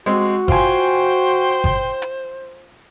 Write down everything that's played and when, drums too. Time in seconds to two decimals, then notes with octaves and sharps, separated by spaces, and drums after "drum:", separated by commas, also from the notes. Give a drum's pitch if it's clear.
0.06 G#3 C4 F#4
0.48 F4 C5 G5 G#5 C6, drum: kick G1
1.64 drum: kick G1
2.02 drum: hi-hat